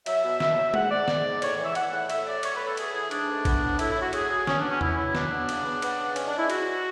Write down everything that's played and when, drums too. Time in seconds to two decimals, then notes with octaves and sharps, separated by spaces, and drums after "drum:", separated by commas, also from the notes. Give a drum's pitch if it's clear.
0.06 F#3 E5, drum: cymbal
0.24 B2
0.40 B2, drum: snare
0.57 F#3
0.74 G#2 F#5, drum: tom G#3
0.91 G#2 D5
1.08 G#2, drum: snare
1.25 G#2
1.42 A2 C#5, drum: cymbal
1.59 E3
1.65 E5
1.75 E3 F#5, drum: cymbal
1.93 A2 F#5
2.10 A2 E5, drum: cymbal
2.26 F#3 D5
2.43 A2 C#5, drum: cymbal
2.55 B3 B4
2.66 A4
2.77 A3 G#4, drum: cymbal
2.94 E3 G#4
3.11 G#2 D4, drum: cymbal
3.29 A3
3.45 B3, drum: kick A1, cymbal
3.62 A2
3.79 A2 E4, drum: cymbal
3.90 E4
3.96 A2
4.02 F#4
4.13 F#3 G#4, drum: cymbal
4.30 F#3
4.47 F#3 C#4, drum: snare
4.59 D4
4.64 B3
4.70 C#4
4.81 F#3 E4, drum: tom E2
4.97 F#3 E4
5.15 B2 D4, drum: snare
5.32 B3
5.49 C#3, drum: cymbal
5.66 B3
5.82 B3, drum: cymbal
5.99 C#3
6.16 G#3 C#4, drum: cymbal
6.28 D4
6.33 G#3
6.39 E4
6.50 G#2 F#4, drum: cymbal